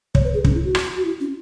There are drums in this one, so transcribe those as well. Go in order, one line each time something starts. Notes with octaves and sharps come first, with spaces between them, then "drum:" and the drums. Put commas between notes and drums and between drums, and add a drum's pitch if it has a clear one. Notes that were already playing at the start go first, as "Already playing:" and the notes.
C#5, drum: kick
B4
G#4
C#4, drum: kick
E4
F#4
drum: rim click
F#4
E4
C#4